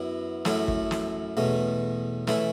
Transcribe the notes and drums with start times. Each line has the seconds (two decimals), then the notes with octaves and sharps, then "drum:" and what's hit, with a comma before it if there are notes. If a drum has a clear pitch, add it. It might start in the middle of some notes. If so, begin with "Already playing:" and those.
Already playing: F#2 F#3 B3 E4
0.45 F#2 F#3 A3 C#4 E4, drum: snare
0.68 drum: kick
0.91 drum: snare
1.37 E2 B2 F#3 A3 C#4
2.27 E3 A3 C#4 E4, drum: snare